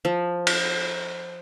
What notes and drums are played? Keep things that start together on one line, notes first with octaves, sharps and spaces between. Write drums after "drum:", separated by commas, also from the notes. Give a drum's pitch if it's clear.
F3
drum: cymbal